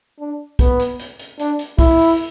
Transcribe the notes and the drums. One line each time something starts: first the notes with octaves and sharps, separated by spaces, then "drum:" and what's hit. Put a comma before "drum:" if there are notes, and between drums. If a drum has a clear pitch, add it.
D4
B3, drum: kick, hi-hat
drum: hi-hat
drum: hi-hat
drum: hi-hat
D4, drum: hi-hat
drum: hi-hat
E4, drum: kick, open hi-hat
drum: open hi-hat